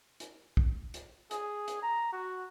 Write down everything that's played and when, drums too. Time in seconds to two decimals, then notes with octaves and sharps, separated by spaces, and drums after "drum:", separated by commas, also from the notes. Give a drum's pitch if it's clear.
0.20 drum: hi-hat
0.57 drum: kick
0.94 drum: hi-hat
1.31 G#4, drum: hi-hat
1.68 drum: hi-hat
1.82 A#5
2.13 F#4